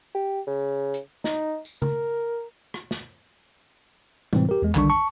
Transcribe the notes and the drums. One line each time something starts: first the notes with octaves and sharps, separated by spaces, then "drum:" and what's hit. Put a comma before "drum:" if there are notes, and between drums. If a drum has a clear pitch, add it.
G4
C#3
drum: hi-hat
D#4, drum: snare
drum: tambourine
A#4, drum: tom C#3
drum: rim click
drum: snare
A2 C3 E3 G#3 C4, drum: tom G3
G4 A#4
E2 G#3
B1 D3 D#3 G3 D4 C#6, drum: clap
A5 C#6